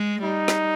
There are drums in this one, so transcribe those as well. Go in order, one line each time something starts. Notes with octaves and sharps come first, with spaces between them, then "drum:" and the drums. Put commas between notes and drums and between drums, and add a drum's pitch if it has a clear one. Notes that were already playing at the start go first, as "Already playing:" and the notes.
Already playing: G#3
G3 D#4
drum: snare